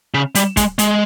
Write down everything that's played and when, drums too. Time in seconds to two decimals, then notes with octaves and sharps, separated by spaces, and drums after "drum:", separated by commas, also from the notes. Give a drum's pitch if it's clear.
0.14 C#3
0.35 G3, drum: hi-hat
0.57 G#3, drum: kick, hi-hat
0.79 G#3, drum: hi-hat